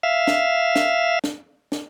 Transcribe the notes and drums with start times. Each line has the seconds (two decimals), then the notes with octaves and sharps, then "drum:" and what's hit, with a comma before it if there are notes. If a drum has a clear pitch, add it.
0.03 E5 F5
0.27 drum: snare
0.76 drum: snare
1.24 drum: snare
1.72 drum: snare